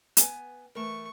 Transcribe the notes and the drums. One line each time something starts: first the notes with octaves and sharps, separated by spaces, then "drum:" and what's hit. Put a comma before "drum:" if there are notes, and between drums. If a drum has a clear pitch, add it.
B3 G#5, drum: hi-hat
E3 A3 A#4 C#6